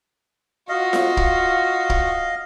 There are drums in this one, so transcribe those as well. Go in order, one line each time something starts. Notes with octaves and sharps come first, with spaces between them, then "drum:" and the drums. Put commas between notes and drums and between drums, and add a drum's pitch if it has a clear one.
F4 F#4 D#5 F5
drum: snare F4
drum: kick
drum: kick